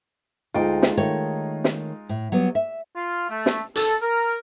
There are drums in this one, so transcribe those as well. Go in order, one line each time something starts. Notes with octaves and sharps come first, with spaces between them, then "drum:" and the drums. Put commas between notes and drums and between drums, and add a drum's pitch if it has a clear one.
D2 G#3 D#4 F4 G5
drum: snare
D#3 A3 C#5
drum: snare
A2
F#3 G3 B3
E5
F4
A3
drum: snare
A4, drum: hi-hat
A#4